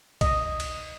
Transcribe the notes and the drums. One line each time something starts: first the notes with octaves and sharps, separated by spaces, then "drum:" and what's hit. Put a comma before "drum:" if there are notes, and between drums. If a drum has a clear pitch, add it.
D#5, drum: kick B1, cymbal
drum: cymbal